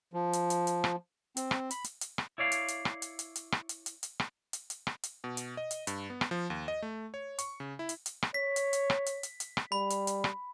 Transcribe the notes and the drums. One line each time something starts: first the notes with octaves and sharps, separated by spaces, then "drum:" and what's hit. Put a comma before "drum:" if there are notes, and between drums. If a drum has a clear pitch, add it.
F3
drum: hi-hat
drum: hi-hat
drum: hi-hat
drum: rim click
C4, drum: hi-hat
drum: rim click
B5, drum: hi-hat
drum: hi-hat
drum: hi-hat
drum: rim click
E4 C#5 D5 F5
drum: hi-hat
drum: hi-hat
drum: rim click
drum: hi-hat
drum: hi-hat
drum: hi-hat
drum: rim click
drum: hi-hat
drum: hi-hat
drum: hi-hat
drum: rim click
drum: hi-hat
drum: hi-hat
drum: rim click
drum: hi-hat
B2
drum: hi-hat
D#5
drum: hi-hat
G2, drum: hi-hat
B3
drum: rim click
F3
D#2
D#5
A3
C#5
C#6, drum: hi-hat
C#3
E4
drum: hi-hat
drum: hi-hat
drum: rim click
C#5 B6
drum: hi-hat
drum: hi-hat
drum: rim click
drum: hi-hat
drum: hi-hat
drum: hi-hat
drum: rim click
G3 B5
drum: hi-hat
drum: hi-hat
drum: rim click